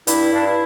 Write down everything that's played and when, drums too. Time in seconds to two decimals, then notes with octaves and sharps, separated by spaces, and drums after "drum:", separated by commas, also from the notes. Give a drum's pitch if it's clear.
0.07 G2 E4, drum: hi-hat
0.32 G2 D4
0.45 E4